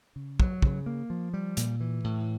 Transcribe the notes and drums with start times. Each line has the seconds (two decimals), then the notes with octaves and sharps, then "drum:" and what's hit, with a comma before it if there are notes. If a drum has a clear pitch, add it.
0.16 C#3
0.40 F#3, drum: kick
0.62 C#3, drum: kick
0.86 A#3
1.10 F3
1.33 G3
1.57 A#2, drum: hi-hat
1.80 E3
2.04 A2